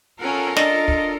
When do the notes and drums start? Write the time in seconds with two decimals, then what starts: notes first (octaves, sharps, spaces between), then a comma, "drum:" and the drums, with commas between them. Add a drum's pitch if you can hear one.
0.20 C#4 F4 A4 A#4 F#5
0.56 D4 D#5 A6, drum: snare
0.88 drum: kick